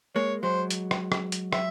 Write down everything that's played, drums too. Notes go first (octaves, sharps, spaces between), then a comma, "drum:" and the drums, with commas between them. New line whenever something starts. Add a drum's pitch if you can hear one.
G#3 A#3 C#5
F#3 G#3 C5
drum: hi-hat
drum: rim click
drum: rim click
drum: hi-hat
E5, drum: rim click